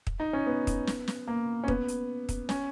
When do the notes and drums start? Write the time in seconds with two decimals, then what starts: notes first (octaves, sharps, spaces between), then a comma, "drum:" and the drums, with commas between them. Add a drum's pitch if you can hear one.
0.07 drum: kick
0.20 D#4
0.33 C#4
0.46 B3
0.67 drum: kick, hi-hat
0.87 drum: snare
1.08 drum: snare
1.28 A#3
1.64 C#4
1.68 B3, drum: kick
1.88 drum: hi-hat
2.29 drum: kick, hi-hat
2.49 C#4, drum: snare